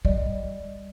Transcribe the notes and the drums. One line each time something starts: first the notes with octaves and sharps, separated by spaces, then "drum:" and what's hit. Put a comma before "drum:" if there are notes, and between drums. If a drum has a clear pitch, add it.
G3 D5 D#5, drum: kick